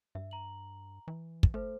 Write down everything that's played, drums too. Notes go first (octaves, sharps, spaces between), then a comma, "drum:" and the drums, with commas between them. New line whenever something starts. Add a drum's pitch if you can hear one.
G2 E5
A#5 F#7
E3
drum: kick
A3 A4 C5